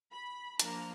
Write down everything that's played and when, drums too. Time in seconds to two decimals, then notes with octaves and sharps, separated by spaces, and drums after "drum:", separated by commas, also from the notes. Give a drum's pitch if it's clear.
0.13 B5
0.60 F3 A#3 D4 A#5, drum: hi-hat